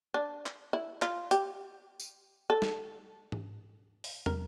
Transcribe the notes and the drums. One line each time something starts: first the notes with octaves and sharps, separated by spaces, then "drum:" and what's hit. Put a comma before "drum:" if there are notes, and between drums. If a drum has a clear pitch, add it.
D4
drum: clap
E4
F4, drum: clap
G4, drum: hi-hat
drum: tambourine
A4
drum: snare
drum: tom G#2
drum: open hi-hat
A#4, drum: tom